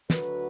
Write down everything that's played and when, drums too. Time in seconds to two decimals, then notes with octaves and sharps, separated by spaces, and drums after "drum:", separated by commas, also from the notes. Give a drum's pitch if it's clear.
0.10 D2 D3 F#3 F#4 B4, drum: snare